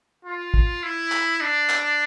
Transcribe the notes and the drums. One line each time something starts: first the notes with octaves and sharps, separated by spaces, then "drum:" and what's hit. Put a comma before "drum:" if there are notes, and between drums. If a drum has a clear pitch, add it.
F4
drum: kick
E4
drum: clap
D4
drum: clap